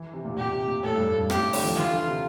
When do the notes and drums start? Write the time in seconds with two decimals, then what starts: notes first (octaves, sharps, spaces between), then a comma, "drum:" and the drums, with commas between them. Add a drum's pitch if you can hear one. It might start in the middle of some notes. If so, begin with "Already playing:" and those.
Already playing: E3
0.13 C3
0.25 A#2
0.32 C3
0.37 A#2 G4
0.52 C3
0.67 A#2
0.83 A2 A4
0.95 G2
1.09 A2
1.18 G2
1.30 A2 G4, drum: rim click
1.41 C3
1.53 D3, drum: open hi-hat
1.63 F3
1.75 E3 F4
1.91 D3
2.07 C3